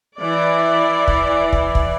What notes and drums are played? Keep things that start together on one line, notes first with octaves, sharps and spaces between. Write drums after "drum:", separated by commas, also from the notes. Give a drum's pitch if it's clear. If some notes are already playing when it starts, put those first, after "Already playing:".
E3 D5
drum: kick
drum: kick
drum: kick